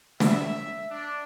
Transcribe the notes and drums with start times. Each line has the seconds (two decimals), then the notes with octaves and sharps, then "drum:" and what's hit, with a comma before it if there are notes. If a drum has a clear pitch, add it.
0.20 E5, drum: snare
0.89 D4